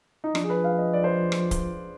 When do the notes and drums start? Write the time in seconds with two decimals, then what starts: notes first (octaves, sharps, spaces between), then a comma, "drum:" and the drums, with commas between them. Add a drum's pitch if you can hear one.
0.24 D#4
0.35 F3 D4, drum: rim click
0.44 G#4
0.50 B4
0.64 F5
0.78 D#5
0.94 D5
1.04 C5
1.32 drum: rim click
1.51 drum: kick C#1, hi-hat